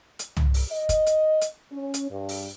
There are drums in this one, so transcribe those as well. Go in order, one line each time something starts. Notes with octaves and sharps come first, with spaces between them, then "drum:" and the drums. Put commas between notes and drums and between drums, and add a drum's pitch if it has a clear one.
drum: hi-hat
drum: tom
drum: open hi-hat
D#5
drum: kick, hi-hat
drum: hi-hat
drum: hi-hat
C#4
drum: hi-hat
G2
drum: open hi-hat